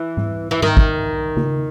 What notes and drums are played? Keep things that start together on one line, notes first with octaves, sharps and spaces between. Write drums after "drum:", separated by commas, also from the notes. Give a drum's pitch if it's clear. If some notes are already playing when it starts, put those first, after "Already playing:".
Already playing: E3
drum: tom G#2
E3
D#3, drum: tom G#2
drum: kick
drum: tom C#3